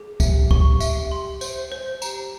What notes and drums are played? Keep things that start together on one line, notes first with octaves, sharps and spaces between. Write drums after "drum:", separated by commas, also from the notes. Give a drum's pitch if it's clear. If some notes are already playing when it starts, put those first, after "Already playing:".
Already playing: G#4
G4 E5, drum: kick, tambourine
C#6, drum: kick
E5, drum: tambourine
C6
C5, drum: tambourine
C5
G4 A#5, drum: tambourine